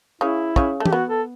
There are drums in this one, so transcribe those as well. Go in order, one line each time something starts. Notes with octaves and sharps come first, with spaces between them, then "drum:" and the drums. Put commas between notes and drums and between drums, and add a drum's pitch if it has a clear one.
C#3 C#4 E4
C#3 C#4, drum: kick
A3
G4, drum: tom
B3 F#4
A4